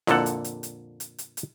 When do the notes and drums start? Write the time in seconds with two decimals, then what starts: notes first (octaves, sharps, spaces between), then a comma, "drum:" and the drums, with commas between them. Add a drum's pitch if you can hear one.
0.07 F2 A#2 D3 A4 F#5, drum: snare E4
0.26 drum: hi-hat
0.44 drum: hi-hat
0.63 drum: hi-hat
1.00 drum: hi-hat
1.18 drum: hi-hat
1.37 drum: hi-hat